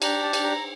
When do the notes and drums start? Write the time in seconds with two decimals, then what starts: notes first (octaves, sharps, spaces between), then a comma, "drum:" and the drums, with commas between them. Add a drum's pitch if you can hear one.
0.02 D4 G4 A#5, drum: cymbal
0.23 A5
0.33 drum: cymbal
0.44 A#5